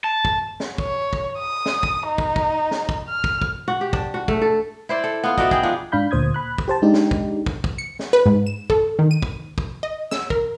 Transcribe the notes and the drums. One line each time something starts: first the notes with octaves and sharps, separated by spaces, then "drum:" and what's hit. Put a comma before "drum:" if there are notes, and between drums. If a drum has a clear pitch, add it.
A5
drum: kick
drum: snare
C#5, drum: kick
drum: kick
D#6
drum: snare
drum: kick
D#4
drum: kick
drum: kick
drum: snare
drum: kick
F6
drum: kick
drum: kick
F#4
G4
D4, drum: kick
F#4
A3, drum: kick
A4
E4 C5 D5
A4
B3 F4
D#4 F#4 D5 E5, drum: kick
G#4 G5, drum: kick
F3 D4
G#2 D4 F5 B5 G6
D2 A#2 C5 D#6 G#6
B5 F#6
drum: kick
G4 C5 A5
G#3 D4 D#4 G4
drum: snare
drum: kick
drum: kick
drum: kick
C#7
drum: snare
B4
G#2
E7
A4, drum: kick
D#3
D#7
drum: kick
drum: kick
D#5
E6, drum: snare
A#4, drum: kick